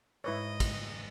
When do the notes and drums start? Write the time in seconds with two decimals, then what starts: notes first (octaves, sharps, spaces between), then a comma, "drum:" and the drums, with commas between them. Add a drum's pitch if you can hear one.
0.24 G#2 E4 B4 C#5 D#5
0.60 drum: kick, cymbal